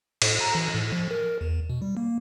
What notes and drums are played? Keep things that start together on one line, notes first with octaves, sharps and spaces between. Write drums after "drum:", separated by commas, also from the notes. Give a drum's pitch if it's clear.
A2, drum: cymbal
A#5
E3
A2
F3
A#4
E2
B2
G3
A#3